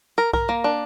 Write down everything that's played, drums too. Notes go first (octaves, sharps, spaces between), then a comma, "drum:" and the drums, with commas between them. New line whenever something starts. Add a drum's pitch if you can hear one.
A#4
A#4, drum: kick B1
A#3
D4